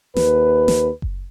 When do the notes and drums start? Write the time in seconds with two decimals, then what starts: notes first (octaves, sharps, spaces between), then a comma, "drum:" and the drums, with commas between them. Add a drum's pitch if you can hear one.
0.16 D#2 B4, drum: snare
0.68 drum: snare
1.02 drum: kick F#1